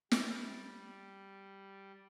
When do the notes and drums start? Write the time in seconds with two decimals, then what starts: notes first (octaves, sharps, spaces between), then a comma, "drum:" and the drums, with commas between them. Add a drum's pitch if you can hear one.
0.11 G3, drum: snare